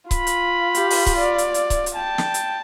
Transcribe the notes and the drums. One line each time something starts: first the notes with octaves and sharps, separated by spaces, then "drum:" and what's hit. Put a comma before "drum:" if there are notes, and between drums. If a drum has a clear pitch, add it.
F4 B5, drum: kick C#1, hi-hat
drum: hi-hat
G4, drum: hi-hat
drum: open hi-hat
drum: kick C#1, hi-hat
D5
drum: hi-hat
drum: hi-hat
drum: kick C#1, hi-hat
drum: hi-hat
G5 A5
drum: snare
drum: hi-hat